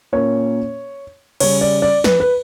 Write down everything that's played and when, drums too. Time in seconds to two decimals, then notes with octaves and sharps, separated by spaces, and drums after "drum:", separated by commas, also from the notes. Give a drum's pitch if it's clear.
0.13 A#2 A#3 C#4 C#5
1.40 C#3 G3 C#4 C#5, drum: cymbal
1.61 D5
1.82 D5
2.04 B4, drum: snare
2.20 B4